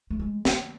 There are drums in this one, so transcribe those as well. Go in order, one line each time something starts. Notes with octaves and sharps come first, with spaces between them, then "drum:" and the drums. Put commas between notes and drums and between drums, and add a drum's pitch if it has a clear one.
A3
G#3
A#3, drum: snare